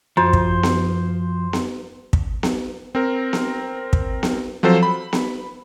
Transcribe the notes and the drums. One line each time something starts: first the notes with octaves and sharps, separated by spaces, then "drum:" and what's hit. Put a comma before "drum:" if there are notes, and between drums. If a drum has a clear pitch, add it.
F#2 F3 C5
drum: kick
drum: snare B3
drum: snare B3
drum: kick
drum: snare B3
C4 A#4
drum: snare B3
drum: kick
drum: snare B3
F3 F#3 C4 A4 C5
B5
drum: snare B3